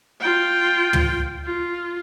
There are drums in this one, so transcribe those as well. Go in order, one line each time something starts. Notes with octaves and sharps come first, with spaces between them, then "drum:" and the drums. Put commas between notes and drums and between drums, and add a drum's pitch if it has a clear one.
F4 G5
drum: tom
F4